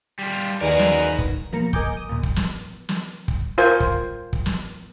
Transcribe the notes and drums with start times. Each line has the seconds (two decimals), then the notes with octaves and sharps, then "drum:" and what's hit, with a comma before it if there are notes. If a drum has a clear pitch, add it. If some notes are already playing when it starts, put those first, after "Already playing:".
0.19 G3 F4 G#6
0.61 D#2 F#4 G#4 A#4 B4 D5 A#5
0.79 drum: snare
1.19 drum: kick
1.52 B2 F3 A#3 A#5 C#7
1.73 A#4 D#5 G#5 D6 G6, drum: kick
1.97 D#6
2.09 D#2 A#2
2.23 drum: kick
2.36 drum: snare
2.89 drum: snare
3.28 drum: kick
3.58 F4 A#4 C5 F5 G#5
3.80 drum: kick
4.33 drum: kick
4.46 drum: snare